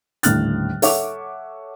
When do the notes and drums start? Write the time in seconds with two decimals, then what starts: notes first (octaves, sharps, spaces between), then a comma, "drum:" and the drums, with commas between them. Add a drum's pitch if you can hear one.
0.23 D#1 A2 D3 F6 F#6 A6, drum: hi-hat
0.82 A4 C#5 E5 F#5 C#6 D6, drum: open hi-hat